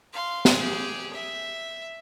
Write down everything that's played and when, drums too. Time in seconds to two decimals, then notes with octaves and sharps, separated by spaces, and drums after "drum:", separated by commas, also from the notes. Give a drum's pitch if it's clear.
0.13 F5 C6
0.45 drum: snare
0.54 G4 G#4
1.13 E5